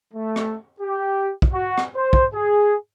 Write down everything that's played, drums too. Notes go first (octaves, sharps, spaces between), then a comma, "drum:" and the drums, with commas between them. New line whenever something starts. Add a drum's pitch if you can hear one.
A3
drum: rim click
G4
drum: kick
F#4
drum: rim click
C5
drum: kick
G#4